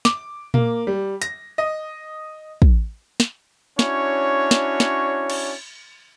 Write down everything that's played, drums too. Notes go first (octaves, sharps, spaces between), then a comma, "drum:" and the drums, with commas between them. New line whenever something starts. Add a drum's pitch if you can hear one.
D6, drum: snare
A#3, drum: tom A#2
G3
A#6, drum: hi-hat
D#5
drum: kick
drum: snare
C#4 D4 E4 F#4 C#5, drum: snare
drum: snare
drum: snare
drum: cymbal